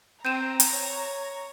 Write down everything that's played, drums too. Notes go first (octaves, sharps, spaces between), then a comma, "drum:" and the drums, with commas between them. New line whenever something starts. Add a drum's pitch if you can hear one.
C4 A#5 G6 D#7 E7
drum: hi-hat
C#5